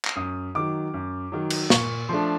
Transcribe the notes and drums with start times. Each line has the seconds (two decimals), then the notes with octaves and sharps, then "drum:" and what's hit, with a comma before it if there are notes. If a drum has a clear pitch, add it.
0.05 drum: clap
0.16 F#2 D#6
0.55 D#3 F#3 D6
0.94 F#2
1.32 D#3 F#3
1.50 drum: cymbal
1.70 A#2 C#6, drum: snare
2.09 F3 A3 D4 C6